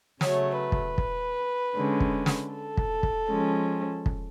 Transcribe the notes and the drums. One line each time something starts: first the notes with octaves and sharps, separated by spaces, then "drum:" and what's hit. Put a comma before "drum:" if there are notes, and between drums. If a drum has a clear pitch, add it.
C#3 F#3 A3 C#5, drum: snare
B4
drum: kick
drum: kick
D3 G#3 C#4
drum: kick
drum: snare
A4
drum: kick
drum: kick
F3 G#3 C#4
drum: kick